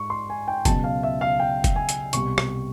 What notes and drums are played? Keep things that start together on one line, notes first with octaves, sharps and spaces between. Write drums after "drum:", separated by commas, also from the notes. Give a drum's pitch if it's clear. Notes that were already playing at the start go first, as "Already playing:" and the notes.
Already playing: G#2 C#6
C6
G#5
G5
C#2 B2 F#3 A5, drum: kick F1, hi-hat
F5
E5
F5
G5
drum: kick F1, hi-hat
G#5
drum: hi-hat
C2 B2 G3 C#6, drum: hi-hat
drum: rim click